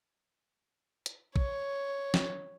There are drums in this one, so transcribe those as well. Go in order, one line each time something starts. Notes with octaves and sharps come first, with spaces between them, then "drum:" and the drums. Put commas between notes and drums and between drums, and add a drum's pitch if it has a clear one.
drum: hi-hat
C#5, drum: kick
drum: snare